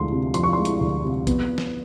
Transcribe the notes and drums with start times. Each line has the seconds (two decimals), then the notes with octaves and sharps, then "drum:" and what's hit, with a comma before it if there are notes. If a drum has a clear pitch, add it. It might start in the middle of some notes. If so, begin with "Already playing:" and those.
Already playing: D2 F3 G#3 C6
0.12 C3
0.34 F3 C6, drum: hi-hat
0.43 C#6
0.53 G#3 C6
0.65 drum: hi-hat
0.81 D2
1.04 C3
1.27 B3, drum: kick A#1, hi-hat
1.58 drum: snare